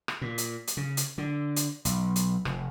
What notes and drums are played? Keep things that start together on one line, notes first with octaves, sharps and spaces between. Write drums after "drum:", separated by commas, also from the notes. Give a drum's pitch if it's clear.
drum: rim click
A#2
drum: hi-hat
drum: hi-hat
C#3
drum: hi-hat
D3
drum: hi-hat
B1, drum: hi-hat
drum: hi-hat
F1, drum: rim click